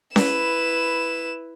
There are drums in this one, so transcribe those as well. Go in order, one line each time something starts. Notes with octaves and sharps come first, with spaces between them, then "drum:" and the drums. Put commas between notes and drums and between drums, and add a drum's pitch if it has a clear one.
E4 B4 E7, drum: snare C#4